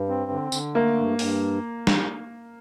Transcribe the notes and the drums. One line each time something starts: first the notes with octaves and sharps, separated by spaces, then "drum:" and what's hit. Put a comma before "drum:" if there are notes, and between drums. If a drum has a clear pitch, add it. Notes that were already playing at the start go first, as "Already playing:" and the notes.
Already playing: G2
C4
D3
D3, drum: tambourine
A3 A#3
G2
G2, drum: open hi-hat
drum: snare